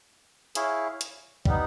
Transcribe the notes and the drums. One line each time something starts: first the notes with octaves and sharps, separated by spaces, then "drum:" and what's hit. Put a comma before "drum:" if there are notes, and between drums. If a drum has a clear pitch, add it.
E4 G#4 C#5 F5, drum: hi-hat
drum: hi-hat
G3 B3 D#4, drum: kick